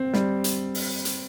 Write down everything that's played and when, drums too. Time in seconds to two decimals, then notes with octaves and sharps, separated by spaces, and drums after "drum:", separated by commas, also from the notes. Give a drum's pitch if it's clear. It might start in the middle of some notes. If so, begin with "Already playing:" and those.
Already playing: C4
0.14 G3, drum: snare
0.44 drum: hi-hat
0.75 drum: open hi-hat
1.05 drum: hi-hat